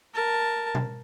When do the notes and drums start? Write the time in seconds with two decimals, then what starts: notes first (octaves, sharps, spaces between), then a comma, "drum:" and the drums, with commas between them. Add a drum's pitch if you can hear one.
0.14 A#4 A5
0.75 drum: tom B2